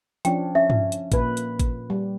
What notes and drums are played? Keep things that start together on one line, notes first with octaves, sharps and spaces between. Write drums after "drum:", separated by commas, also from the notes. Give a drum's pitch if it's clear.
F3 C#4 D4 G5, drum: hi-hat
C#4 E5
drum: tom G2
drum: hi-hat
A#2 B4, drum: kick G#1, hi-hat
drum: hi-hat
drum: kick G#1, hi-hat
G3